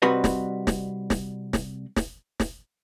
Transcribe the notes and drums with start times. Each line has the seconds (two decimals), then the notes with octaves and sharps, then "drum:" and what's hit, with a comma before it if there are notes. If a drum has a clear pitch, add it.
0.02 C2 G3 C4 F#4 B4 D#5
0.24 drum: snare
0.67 drum: snare
1.10 drum: snare
1.53 drum: snare
1.96 drum: snare
2.40 drum: snare